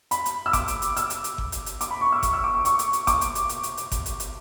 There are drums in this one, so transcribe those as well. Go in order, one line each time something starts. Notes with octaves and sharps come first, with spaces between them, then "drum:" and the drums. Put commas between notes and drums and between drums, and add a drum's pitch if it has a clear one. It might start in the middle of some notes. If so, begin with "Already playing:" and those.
B5, drum: hi-hat
drum: hi-hat
E6
D6, drum: kick G1, hi-hat
drum: hi-hat
drum: hi-hat
E6, drum: hi-hat
drum: hi-hat
drum: hi-hat
drum: kick G1
drum: hi-hat
drum: hi-hat
D6, drum: hi-hat
B5
C#6
E6
drum: kick G1, hi-hat
E6
D6
C#6
C#6, drum: hi-hat
drum: hi-hat
drum: hi-hat
D6, drum: kick G1, hi-hat
drum: hi-hat
drum: hi-hat
drum: hi-hat
drum: hi-hat
drum: hi-hat
drum: kick G1, hi-hat
drum: hi-hat
drum: hi-hat